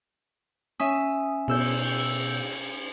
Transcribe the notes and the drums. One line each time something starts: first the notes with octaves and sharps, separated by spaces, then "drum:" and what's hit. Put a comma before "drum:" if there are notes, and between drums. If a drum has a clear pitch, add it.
C#4 E5 G#5 D#6
B2 E6 G6, drum: cymbal
drum: hi-hat